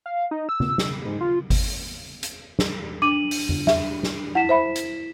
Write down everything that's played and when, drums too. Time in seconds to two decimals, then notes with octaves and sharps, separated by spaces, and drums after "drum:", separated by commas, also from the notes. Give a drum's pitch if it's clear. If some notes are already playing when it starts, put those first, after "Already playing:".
0.06 F5
0.31 D#4
0.49 E6
0.60 drum: tom C#3
0.78 drum: snare
1.05 G#2
1.21 F4
1.50 drum: kick G1, open hi-hat
2.23 drum: hi-hat
2.59 drum: snare
3.02 D4 D6 D#7 F#7
3.31 drum: open hi-hat
3.49 drum: tom F2
3.67 E5, drum: snare
4.03 drum: snare
4.35 E4 F#5 B6 E7
4.49 C5 E5 B5
4.75 drum: hi-hat